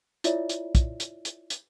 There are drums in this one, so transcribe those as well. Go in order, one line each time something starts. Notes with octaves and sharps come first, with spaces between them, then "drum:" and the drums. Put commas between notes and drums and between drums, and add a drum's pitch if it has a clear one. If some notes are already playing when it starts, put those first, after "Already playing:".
E4 F4 C#5 D5 E5, drum: hi-hat
drum: hi-hat
drum: kick, hi-hat
drum: hi-hat
drum: hi-hat
drum: hi-hat